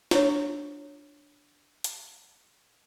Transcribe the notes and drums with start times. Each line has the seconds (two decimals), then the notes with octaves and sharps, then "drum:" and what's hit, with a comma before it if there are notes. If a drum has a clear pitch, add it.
0.11 D4 C#5, drum: snare
1.84 drum: hi-hat